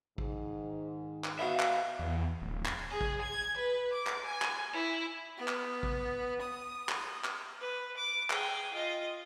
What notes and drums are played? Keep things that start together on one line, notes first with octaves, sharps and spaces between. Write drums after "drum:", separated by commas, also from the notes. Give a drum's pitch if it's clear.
G#2 D#3, drum: kick A1
drum: clap
B3 D#4 F#4 E5 F5
drum: clap
E2
D1
drum: clap
G#4
drum: kick A1
G#6
B4
D6
drum: clap
G#5
drum: clap
E4
B3
drum: clap
drum: kick A1
D#6
drum: clap
drum: clap
B4
D6
G#4 G5, drum: clap
F4 D#5